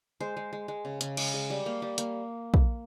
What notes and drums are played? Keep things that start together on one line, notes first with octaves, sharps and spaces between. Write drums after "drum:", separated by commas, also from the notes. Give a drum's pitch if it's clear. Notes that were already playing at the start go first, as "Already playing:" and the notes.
G#3 C5
G#3
G#3
G#3
C#3
C#3, drum: hi-hat
G#3, drum: cymbal
G#3
G3
A#3
G3
A#3, drum: hi-hat
drum: kick